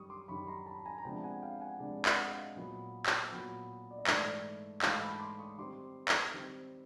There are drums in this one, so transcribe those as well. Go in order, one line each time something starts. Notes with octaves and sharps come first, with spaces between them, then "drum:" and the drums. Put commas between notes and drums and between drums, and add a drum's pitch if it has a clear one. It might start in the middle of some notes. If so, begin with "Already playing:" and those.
Already playing: F#2 D#3 G3 C#6 D#6
C6 D6
F#2 D#3 G3 B5 C#6
A#5 C6
A5 B5
G#5 A#5
A#5
C3 F3 G#3 B3 D4 G5 A5
F#5 G#5
F5 G5
F#5 G#5
C3 F3 G#3 B3 D4
E5 F#5, drum: clap
D#5 F5
A#2 F#3 B3
drum: clap
A#2 F#3 B3
D5
D#5
G#2 E3 A3 D5 E5, drum: clap
G#2 E3 A3 D#5 F5, drum: clap
A5 B5
C6 D6
C#6 D#6
D#3 G3 C4 C6 D6
drum: clap
D#3 G3 C4